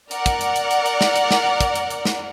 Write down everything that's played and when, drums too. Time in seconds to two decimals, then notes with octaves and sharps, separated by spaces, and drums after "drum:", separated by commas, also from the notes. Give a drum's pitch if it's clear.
0.11 A#4 D5 F#5, drum: hi-hat
0.26 drum: kick, hi-hat
0.41 drum: hi-hat
0.56 drum: hi-hat
0.71 drum: hi-hat
0.86 drum: hi-hat
1.01 drum: snare
1.16 drum: hi-hat
1.31 drum: snare
1.61 drum: kick, hi-hat
1.75 drum: hi-hat
1.90 drum: hi-hat
2.05 drum: snare